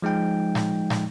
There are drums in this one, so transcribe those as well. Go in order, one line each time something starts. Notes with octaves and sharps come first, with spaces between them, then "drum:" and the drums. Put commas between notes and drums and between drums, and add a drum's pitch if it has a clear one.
F3 G#3 D#4 G5
drum: snare
drum: snare